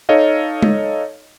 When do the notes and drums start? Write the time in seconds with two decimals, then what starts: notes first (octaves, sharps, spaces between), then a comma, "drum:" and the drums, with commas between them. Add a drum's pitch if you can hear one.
0.09 D#4 A4 C#5 D#5 F5
0.62 drum: tom G#3